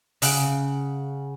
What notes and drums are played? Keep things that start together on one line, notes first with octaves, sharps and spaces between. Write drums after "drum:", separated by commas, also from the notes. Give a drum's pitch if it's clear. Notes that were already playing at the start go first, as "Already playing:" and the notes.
C#3 F#5, drum: open hi-hat